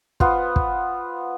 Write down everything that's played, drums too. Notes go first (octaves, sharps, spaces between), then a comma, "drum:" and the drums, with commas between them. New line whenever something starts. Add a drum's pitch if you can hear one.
B3 F4 C5, drum: kick
drum: kick